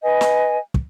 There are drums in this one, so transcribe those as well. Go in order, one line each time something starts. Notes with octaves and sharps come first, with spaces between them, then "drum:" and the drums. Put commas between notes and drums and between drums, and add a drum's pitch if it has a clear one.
B4 D#5 G#5
drum: snare
drum: kick